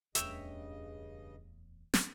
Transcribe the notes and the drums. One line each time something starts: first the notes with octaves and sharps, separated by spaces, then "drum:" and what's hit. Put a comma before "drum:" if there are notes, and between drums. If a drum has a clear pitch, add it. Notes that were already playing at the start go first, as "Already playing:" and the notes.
D1 E2 G2 C#3 C#5 D#5 E5 G5, drum: hi-hat
drum: snare